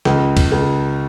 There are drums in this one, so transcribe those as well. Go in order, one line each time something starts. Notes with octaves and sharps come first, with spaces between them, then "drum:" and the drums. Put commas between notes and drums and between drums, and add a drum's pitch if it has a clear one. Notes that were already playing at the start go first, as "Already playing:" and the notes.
C#2, drum: snare
drum: kick C#2, cymbal
C#2